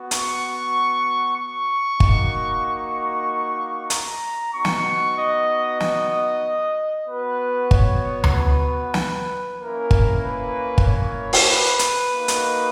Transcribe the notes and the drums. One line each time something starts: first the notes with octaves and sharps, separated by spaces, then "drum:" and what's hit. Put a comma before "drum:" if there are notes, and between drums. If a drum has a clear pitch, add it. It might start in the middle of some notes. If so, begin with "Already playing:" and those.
Already playing: B3 F#4
C#6, drum: hi-hat
C#6
A#3 D#4 F#4, drum: kick
C#6
A#5, drum: hi-hat
B3 D#4 F#4 C#6
drum: snare
D#5
D#5, drum: snare
B3 F#4 B4
C#5, drum: kick
drum: tom D2
B4
drum: snare
A#3 C#4 E4 A#4
drum: kick
B4
drum: kick
C#5
drum: open hi-hat
B4
drum: hi-hat
A#3 D#4 F#4
drum: hi-hat